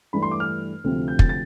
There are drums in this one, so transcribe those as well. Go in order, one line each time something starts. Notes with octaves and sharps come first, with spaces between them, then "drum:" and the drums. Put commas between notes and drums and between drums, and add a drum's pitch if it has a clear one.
G2 E3 A3 D4 B5
C6
D6
F6
D2 C3 F3 C4
G6
A6, drum: kick
A6